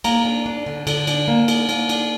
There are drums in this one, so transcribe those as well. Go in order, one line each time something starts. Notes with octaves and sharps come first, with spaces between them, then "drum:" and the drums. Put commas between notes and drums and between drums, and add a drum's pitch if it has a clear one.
A#3 A#5, drum: cymbal
D4
D4
D3
D3, drum: cymbal
D4, drum: cymbal
A#3
D3, drum: cymbal
A#3, drum: cymbal
D4, drum: cymbal